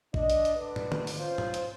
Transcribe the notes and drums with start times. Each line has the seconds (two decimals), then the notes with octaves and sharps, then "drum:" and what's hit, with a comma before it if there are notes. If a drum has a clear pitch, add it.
0.14 D4 D#5, drum: kick
0.30 drum: hi-hat
0.45 drum: hi-hat
0.56 D3 D4 B4 D5
0.76 drum: tom
0.92 drum: tom
1.07 drum: open hi-hat
1.18 C#4 F4 C5
1.38 drum: tom
1.54 drum: hi-hat